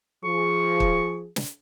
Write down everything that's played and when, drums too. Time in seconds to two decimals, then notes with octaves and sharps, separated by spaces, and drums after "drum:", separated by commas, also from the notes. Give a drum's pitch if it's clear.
0.24 F3 G#4 C#6
0.80 drum: kick
1.36 drum: snare